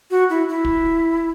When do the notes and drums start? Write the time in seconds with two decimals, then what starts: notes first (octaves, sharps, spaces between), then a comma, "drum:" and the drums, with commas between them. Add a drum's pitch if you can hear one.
0.10 F#4
0.30 E4
0.49 E4
0.65 drum: kick